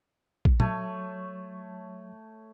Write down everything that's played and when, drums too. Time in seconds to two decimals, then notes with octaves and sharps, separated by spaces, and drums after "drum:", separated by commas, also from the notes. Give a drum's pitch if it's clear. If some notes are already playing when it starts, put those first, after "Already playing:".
0.45 drum: kick A#1
0.60 F#3 A3 C#5 A5, drum: tom